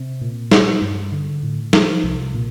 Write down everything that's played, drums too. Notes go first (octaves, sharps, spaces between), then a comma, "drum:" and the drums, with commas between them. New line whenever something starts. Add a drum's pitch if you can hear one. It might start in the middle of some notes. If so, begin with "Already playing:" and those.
Already playing: C3
A#2
G3, drum: snare
G2
D3
A2
F3, drum: snare
C2
A#2